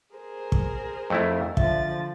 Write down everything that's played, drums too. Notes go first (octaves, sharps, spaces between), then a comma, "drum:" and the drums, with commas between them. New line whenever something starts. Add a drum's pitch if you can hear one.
G#4 A#4 C5
drum: kick
F2 A3 E4
D3 F3 E5 A6, drum: kick